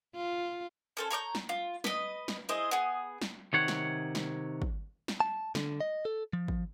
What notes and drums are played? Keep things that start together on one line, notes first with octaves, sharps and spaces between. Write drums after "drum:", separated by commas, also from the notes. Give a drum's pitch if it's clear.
F4
C#4 A4 C5
C#5 A#5 D6 G6
drum: snare
F4
B4 D#5, drum: snare
drum: snare
E4 G#4 C5 D#5
B3 G#4
drum: snare
C3 D#3 C#5 F#5
drum: snare
drum: snare
drum: kick
drum: snare
A5
D3, drum: snare
D#5
A4
F3
drum: kick